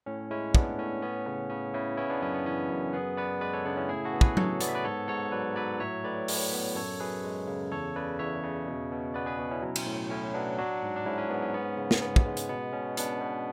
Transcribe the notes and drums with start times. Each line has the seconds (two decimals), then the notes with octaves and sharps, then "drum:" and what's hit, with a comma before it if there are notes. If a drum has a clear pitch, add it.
0.06 A2 C#4
0.31 G#3 C#4 E4
0.55 B3 D4, drum: kick
0.78 A2 C#4
1.03 B3 C#4
1.27 C#3 C#4
1.50 C#3 C#4
1.74 C#3 C#4 E4
1.97 B3 C#4 E4
2.10 B3 D4
2.22 F#2 C#4
2.34 B3
2.46 E3 C#4
2.69 F#2
2.93 B3 G#4 B4
3.17 B3 B4 D5
3.41 G#3 B4 D5
3.53 A4 C#5
3.65 C#3 B3 D4
3.77 C#4 E4
3.89 A2 E4 G#4
4.05 F#4 A4
4.13 B3
4.21 G#4 B4, drum: kick
4.37 F#3 A4 C#5, drum: tom F#3
4.61 B3 D5, drum: hi-hat
4.68 E5
4.75 B4 D5
4.85 G#2 A4 C#5
5.08 G#2 A4 C#5
5.32 F#3 B4 D5
5.56 F#3 B4 D5
5.80 A2 C#5 E5
6.04 A2 B4 D5
6.28 A2, drum: open hi-hat
6.53 B3
6.75 F#2 A4 C#5
7.00 F#2 G#4 B4
7.24 G#3
7.47 C#3
7.71 E2 A4 C#5
7.95 C#3 B4 D5
8.19 E2 C#5 E5
8.43 C#3
8.67 B2
8.91 B2
9.14 B3 B4 D5
9.26 G#4 B4
9.38 B2
9.51 C#4 E4
9.62 F#3
9.76 drum: cymbal
9.86 A2
10.10 A2 C#4 E4
10.34 F#3 B3 D4
10.58 F#3 D4 F#4
10.82 G#2
10.96 D4
11.06 G#2 C#4 E4
11.18 C#4
11.30 G#2 B3
11.42 C#4
11.54 B3
11.77 C#3
11.91 drum: snare
12.02 B3
12.16 drum: kick
12.26 G#3
12.37 drum: hi-hat
12.49 B2 B3
12.73 B2 C#4
12.97 B2 B3 D4, drum: hi-hat
13.21 B2